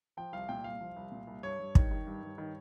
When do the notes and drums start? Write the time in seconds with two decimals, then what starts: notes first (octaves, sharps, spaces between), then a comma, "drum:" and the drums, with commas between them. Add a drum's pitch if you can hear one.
0.17 F3 G5
0.33 C2 F5
0.49 A#2 G5
0.64 C2 F5
0.81 F3
0.97 C2
1.12 A#2
1.27 C2
1.43 G2 C#5
1.59 G2
1.75 D#3, drum: kick
1.91 D#3
2.07 G2
2.23 G2
2.38 D#3